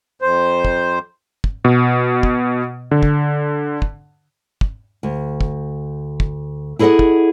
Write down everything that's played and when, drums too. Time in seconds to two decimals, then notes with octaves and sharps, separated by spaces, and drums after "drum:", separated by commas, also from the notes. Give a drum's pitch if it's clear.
0.22 F2 C5
0.65 drum: kick
1.44 drum: kick
1.65 B2
2.23 drum: kick
2.91 D3
3.03 drum: kick
3.82 drum: kick
4.61 drum: kick
5.03 D2
5.41 drum: kick
6.20 drum: kick
6.79 E4 G#4 A4 D5 D#5 F#5
6.99 drum: kick